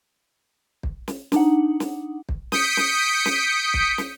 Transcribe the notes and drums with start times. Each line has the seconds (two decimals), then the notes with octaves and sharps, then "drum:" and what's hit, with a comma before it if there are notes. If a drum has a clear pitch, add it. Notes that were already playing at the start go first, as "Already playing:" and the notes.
0.83 drum: kick
1.08 drum: snare
1.32 D4 D#4 F#5, drum: snare
1.80 drum: snare
2.29 drum: kick
2.52 D#6 G6 B6 C#7 D7, drum: snare
2.77 drum: snare
3.25 drum: snare
3.74 drum: kick
3.98 drum: snare